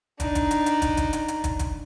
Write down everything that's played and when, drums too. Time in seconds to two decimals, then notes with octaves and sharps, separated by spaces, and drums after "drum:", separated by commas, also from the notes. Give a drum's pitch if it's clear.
0.20 D4 D#4, drum: kick, hi-hat
0.35 drum: kick, hi-hat
0.51 drum: hi-hat
0.66 drum: hi-hat
0.82 drum: kick, hi-hat
0.97 drum: kick, hi-hat
1.13 drum: hi-hat
1.28 drum: hi-hat
1.44 drum: kick, hi-hat
1.59 drum: kick, hi-hat